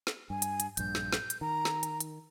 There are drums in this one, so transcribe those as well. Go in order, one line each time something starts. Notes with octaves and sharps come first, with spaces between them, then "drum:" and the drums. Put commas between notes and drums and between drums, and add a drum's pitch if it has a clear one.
drum: snare
G2 G#5
drum: hi-hat
drum: hi-hat
A#1 G2 G6, drum: hi-hat
drum: snare
drum: snare
drum: hi-hat
D#3 A#5
drum: snare
drum: hi-hat
drum: hi-hat